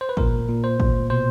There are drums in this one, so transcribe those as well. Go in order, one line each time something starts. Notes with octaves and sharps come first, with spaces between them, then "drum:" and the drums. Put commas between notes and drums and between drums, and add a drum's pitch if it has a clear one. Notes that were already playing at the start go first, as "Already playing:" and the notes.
C5
B4
A#2 A#4, drum: kick
A#2
C5
A#2, drum: kick
B2 C5